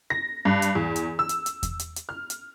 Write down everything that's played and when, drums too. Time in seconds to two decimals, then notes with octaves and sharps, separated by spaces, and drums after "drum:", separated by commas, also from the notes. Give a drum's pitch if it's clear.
0.10 A#6
0.45 G2
0.62 drum: hi-hat
0.75 E2
0.96 drum: hi-hat
1.19 E6
1.29 drum: hi-hat
1.46 drum: hi-hat
1.63 drum: kick E2, hi-hat
1.79 drum: hi-hat
1.96 drum: hi-hat
2.09 F6
2.30 drum: hi-hat